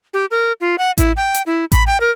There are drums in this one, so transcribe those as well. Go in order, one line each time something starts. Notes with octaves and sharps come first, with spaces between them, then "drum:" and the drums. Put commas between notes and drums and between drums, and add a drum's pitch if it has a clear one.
G4
A#4
F4
F#5
E4, drum: kick A1, hi-hat
G5
drum: hi-hat
E4
B5, drum: kick A1, hi-hat
G5
A#4